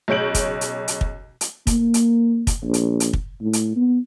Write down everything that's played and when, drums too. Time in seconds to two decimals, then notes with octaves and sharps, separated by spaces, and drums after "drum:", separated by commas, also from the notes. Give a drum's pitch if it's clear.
0.08 B1 C#3 C#5 G6 D7 F#7
0.35 drum: kick, hi-hat
0.61 drum: hi-hat
0.88 drum: hi-hat
1.01 drum: kick
1.41 drum: hi-hat
1.67 A#3, drum: kick, hi-hat
1.94 drum: hi-hat
2.47 drum: kick, hi-hat
2.64 A#1
2.74 drum: hi-hat
3.00 drum: hi-hat
3.13 drum: kick
3.41 A2
3.53 drum: hi-hat
3.76 B3